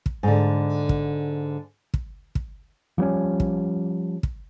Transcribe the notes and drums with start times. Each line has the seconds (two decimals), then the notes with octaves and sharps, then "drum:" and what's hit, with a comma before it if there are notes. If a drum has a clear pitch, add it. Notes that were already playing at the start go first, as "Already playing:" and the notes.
0.06 drum: kick
0.23 G#2 D3
0.89 drum: kick
1.94 drum: kick
2.35 drum: kick
2.98 F3 G3 B3 C#4
3.40 drum: kick
4.23 drum: kick